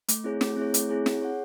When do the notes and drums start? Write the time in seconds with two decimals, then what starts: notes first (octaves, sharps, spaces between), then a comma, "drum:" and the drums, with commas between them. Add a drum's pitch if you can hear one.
0.08 A3, drum: hi-hat
0.24 C4 E4 G#4 C#5
0.41 A3, drum: snare
0.57 C4 E4 G#4 C#5
0.74 A3, drum: hi-hat
0.89 C4 E4 G#4 C#5
1.06 G#4, drum: snare
1.22 C#5 F#5